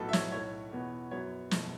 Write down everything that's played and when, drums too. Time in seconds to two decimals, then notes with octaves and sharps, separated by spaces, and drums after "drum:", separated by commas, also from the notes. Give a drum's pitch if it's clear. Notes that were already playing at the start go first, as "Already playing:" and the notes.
Already playing: B1 A2 F#3 B3 A4
0.09 E5
0.13 C#5, drum: snare
0.32 B1 A2 A3 C#5
0.72 E2 B2 B3
1.11 F#2 F#3 B3 C#5
1.51 F#1 E2 B2 A3, drum: snare